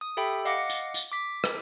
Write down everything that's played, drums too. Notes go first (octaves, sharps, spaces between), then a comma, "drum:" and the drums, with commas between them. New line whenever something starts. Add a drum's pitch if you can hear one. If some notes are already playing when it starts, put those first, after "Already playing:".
D#6
G4 A4 E5 G5 B5
D#5 F5 F#5 D6 A#6 C#7
drum: tambourine
drum: tambourine
D6 B6
drum: rim click